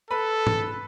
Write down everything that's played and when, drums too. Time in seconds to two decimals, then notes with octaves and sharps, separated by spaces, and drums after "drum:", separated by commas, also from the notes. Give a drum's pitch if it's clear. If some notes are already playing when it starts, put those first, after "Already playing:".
0.10 A4 B4 B5
0.47 drum: tom G#2